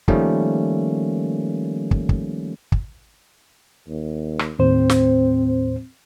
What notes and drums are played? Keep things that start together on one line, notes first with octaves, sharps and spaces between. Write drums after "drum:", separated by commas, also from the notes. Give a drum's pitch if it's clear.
D#3 F3 G3 A3 A#3 C#4, drum: kick
drum: kick
drum: kick
drum: kick
D#2
drum: rim click
D#2 A2 C4 C5
drum: snare